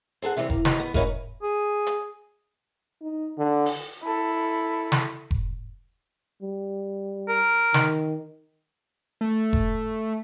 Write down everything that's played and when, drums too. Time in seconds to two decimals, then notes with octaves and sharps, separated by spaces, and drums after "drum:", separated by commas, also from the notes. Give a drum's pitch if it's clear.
0.22 C4 G#4 A4 F#5
0.37 C3 E3 G3 G#3 C4
0.50 A#3, drum: kick F1
0.65 F#3 C4 D#4 G4 B4, drum: snare
0.80 B3
0.94 C#4 D#4 E4 F#4 A#4 B4, drum: kick F1
1.43 G#4
1.87 drum: hi-hat
3.02 D#4
3.38 D3
3.66 drum: open hi-hat
4.03 E4 A4
4.92 drum: snare
5.31 drum: kick F1
6.42 G3
7.29 A#4
7.74 D#3, drum: snare
9.21 A3
9.53 drum: kick F1